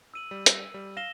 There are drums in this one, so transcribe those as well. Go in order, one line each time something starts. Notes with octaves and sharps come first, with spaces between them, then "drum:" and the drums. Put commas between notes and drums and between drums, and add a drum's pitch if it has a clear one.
E6 D#7 F#7
G3
drum: hi-hat
G3
F5 A#6 E7 G7